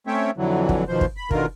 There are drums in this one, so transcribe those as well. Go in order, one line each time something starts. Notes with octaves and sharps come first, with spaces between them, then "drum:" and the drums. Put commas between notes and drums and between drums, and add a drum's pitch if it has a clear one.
A3 C4 C#4 C#5 E5 G5
F2 D3 E3 F#3
drum: kick
D#2 B2 F3 C5
drum: kick
B5
B2 D3 D#3 F4 A#4, drum: kick